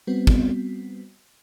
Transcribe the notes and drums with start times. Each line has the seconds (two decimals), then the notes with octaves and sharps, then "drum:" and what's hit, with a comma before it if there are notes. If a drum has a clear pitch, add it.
0.07 G3 B3 C4 F#4
0.27 drum: kick